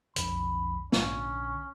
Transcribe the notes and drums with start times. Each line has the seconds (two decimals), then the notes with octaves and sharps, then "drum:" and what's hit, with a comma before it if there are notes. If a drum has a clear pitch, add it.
0.16 B1 F2 D3 B5, drum: hi-hat
0.92 A#1 D3 C#4, drum: snare